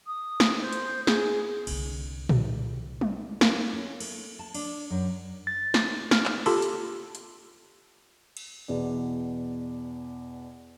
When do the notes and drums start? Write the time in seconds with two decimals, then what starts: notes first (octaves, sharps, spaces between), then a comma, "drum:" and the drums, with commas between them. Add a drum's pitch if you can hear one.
0.06 D#6
0.40 drum: snare
0.61 C5
0.73 drum: hi-hat
1.07 G#4, drum: snare
1.67 C2 D3, drum: cymbal
2.29 drum: tom
3.01 drum: tom
3.41 A#3, drum: snare
3.73 C#4
4.00 A3, drum: cymbal
4.39 A5
4.54 D4, drum: cymbal
4.90 F#2
5.47 A6
5.74 drum: snare
6.11 F6, drum: snare
6.26 drum: clap
6.46 F4 G4 A4 A5 B5 C6, drum: cymbal
6.62 drum: hi-hat
7.15 drum: hi-hat
8.37 drum: cymbal
8.68 E2 B2 D5